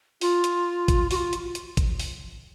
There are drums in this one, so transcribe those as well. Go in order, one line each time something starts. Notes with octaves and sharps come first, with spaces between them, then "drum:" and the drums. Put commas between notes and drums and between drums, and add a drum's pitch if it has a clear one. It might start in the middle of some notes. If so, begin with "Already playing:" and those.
F4, drum: open hi-hat
drum: hi-hat
drum: kick A1, hi-hat
F#4, drum: open hi-hat
F4
drum: hi-hat
drum: hi-hat
drum: kick A1, hi-hat
drum: open hi-hat